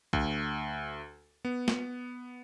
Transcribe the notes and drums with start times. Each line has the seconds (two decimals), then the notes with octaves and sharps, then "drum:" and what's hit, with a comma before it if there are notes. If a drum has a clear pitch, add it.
0.13 D2, drum: kick B1
1.45 B3
1.68 drum: snare